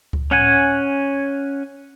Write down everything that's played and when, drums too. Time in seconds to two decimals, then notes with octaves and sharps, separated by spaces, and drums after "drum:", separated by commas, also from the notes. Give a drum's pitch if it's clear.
0.13 drum: kick C#2
0.31 C#4 F#5 G#5, drum: tom A2